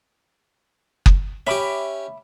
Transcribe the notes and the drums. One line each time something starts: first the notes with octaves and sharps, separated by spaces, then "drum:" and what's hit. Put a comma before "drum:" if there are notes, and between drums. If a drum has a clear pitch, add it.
drum: kick F#1
C#4 G4 E5 B5 D6